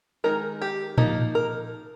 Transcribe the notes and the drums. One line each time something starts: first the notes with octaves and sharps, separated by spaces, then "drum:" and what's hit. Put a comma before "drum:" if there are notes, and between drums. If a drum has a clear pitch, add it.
D#3 G#3 D#4 A#4
G4
F3 A#3 D#4, drum: tom A2
A#4